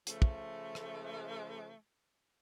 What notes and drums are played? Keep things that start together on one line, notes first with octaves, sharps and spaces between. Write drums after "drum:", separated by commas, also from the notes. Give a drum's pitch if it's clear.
C#3 F3 A3, drum: hi-hat
drum: kick
drum: rim click